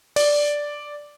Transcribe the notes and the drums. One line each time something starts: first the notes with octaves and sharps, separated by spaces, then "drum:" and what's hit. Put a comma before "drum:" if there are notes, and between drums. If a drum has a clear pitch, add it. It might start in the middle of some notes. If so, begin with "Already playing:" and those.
D5, drum: open hi-hat